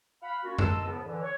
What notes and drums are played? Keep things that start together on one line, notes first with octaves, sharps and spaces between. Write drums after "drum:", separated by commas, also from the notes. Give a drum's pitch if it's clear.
F5 F#5 B5
A#3 C#4 F4 F#4
A#4 D#5 A5 C6 E6, drum: tom F2
C#2 A2 C#3 F3 B3
D3 E3
C#5